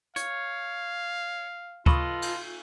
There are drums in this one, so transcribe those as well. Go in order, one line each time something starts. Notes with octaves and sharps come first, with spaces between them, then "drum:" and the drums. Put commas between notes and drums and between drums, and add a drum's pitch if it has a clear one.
C#5 F5, drum: hi-hat
F4 A4 B4 D#5 B5 C#6 D#6, drum: kick D2
drum: cymbal